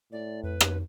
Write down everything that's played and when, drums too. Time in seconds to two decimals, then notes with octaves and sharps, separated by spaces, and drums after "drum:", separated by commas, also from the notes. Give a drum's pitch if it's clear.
0.12 A2 D5
0.43 F2 B4
0.61 drum: rim click